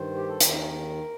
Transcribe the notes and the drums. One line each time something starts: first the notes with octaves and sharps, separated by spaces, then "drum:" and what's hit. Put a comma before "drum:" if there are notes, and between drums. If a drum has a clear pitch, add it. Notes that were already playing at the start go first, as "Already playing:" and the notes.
Already playing: G2 D#3 C5
G4
A4
D#2 D#3 A#4, drum: hi-hat